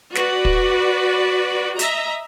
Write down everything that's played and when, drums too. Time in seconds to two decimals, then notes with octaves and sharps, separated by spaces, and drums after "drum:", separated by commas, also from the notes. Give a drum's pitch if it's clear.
0.15 F#4 B4 D5, drum: snare
0.45 drum: kick
1.79 D#5 E5 A#5, drum: hi-hat